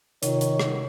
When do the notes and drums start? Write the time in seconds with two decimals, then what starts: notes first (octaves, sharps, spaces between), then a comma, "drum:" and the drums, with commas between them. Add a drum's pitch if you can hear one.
0.23 C3 D#3 F4 C#5, drum: hi-hat
0.41 drum: hi-hat
0.60 drum: rim click